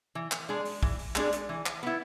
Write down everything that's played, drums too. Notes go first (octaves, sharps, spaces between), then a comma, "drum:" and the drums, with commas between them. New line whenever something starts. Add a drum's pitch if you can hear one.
E3
drum: clap
G#3 D4 G#4
drum: open hi-hat
E3, drum: kick
drum: open hi-hat
G#3 D4 G#4, drum: clap
drum: hi-hat
E3
drum: clap
B3 E4